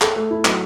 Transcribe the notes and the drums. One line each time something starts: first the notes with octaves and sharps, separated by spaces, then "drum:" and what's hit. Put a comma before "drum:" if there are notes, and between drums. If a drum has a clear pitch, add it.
A4, drum: clap
A3
E4
F#3, drum: clap